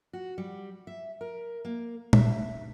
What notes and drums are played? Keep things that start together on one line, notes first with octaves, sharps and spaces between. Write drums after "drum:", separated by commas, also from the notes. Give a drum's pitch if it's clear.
F#4
G3
E5
A#4
A#3
E5, drum: tom A#2